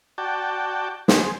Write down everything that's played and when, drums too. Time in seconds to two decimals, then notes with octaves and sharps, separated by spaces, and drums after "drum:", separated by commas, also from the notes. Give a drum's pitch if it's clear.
0.18 F#4 D5 G5 A5
1.08 G#4 C5, drum: snare